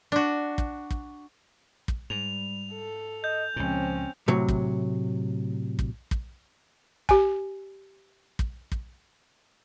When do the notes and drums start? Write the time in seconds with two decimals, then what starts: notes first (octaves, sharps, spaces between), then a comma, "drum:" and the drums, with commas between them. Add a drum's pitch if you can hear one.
0.12 D4 F#4
0.58 drum: kick
0.90 drum: kick
1.88 drum: kick
2.10 G#2 G3 F7
2.72 A4
3.24 D#5 G6
3.56 C#2 A#2 F3 C4 C#4
4.28 A2 C3 F#3
4.48 drum: kick
5.79 drum: kick
6.11 drum: kick
7.09 G4 G#5, drum: kick
8.39 drum: kick
8.72 drum: kick